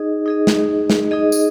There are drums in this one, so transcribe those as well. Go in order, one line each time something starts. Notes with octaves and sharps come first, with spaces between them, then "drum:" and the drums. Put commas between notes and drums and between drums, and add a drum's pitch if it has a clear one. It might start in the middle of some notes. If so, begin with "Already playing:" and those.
Already playing: D#4 G#4 D#5
D#4 G#4 D#5
drum: snare
drum: snare
D#4 G#4 D#5
drum: tambourine